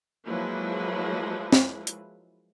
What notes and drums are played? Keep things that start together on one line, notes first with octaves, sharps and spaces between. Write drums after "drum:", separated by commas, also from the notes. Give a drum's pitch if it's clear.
F3 F#3 G#3 A#3 E4 B4
drum: snare
drum: hi-hat